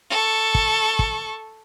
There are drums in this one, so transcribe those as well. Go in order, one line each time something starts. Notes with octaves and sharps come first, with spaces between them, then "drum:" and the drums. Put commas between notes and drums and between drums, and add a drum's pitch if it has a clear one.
A4 C#6
drum: kick
drum: kick